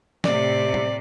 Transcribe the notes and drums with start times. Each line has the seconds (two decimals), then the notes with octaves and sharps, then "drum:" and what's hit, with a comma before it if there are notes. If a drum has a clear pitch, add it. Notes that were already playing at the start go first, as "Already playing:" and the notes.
0.24 A2 C3 D5, drum: snare
0.74 drum: tom A2